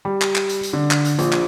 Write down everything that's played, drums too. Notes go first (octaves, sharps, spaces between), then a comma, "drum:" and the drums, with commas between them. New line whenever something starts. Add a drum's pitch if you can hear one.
G3
drum: clap
drum: clap
drum: hi-hat
drum: hi-hat
D3
drum: clap
drum: hi-hat
A#1, drum: hi-hat
drum: clap